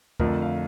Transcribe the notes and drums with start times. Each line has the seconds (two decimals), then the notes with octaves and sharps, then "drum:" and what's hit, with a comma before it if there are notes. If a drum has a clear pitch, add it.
0.20 F2 D3 F3 A3 A#4, drum: kick
0.42 F5